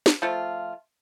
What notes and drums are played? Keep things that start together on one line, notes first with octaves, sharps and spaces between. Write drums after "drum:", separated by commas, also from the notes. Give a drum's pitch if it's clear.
drum: snare
F3 A3 F4